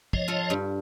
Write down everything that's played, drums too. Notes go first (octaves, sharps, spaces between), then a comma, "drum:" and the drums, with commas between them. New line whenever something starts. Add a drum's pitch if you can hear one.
F3 C#5 D#5, drum: kick
F4 A4
G2